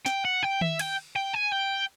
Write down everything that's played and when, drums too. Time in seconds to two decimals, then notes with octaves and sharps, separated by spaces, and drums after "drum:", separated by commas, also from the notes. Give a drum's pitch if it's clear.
0.06 G5, drum: snare
0.25 F#5
0.43 G5
0.61 E5, drum: tom D#3
0.79 G5, drum: cymbal
1.16 G5
1.34 G#5
1.52 G5